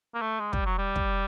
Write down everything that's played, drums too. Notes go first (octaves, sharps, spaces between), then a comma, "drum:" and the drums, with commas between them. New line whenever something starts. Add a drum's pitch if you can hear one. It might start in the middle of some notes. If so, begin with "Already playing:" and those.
A#3
A3
G#3
G3, drum: kick
F#3
G3
drum: kick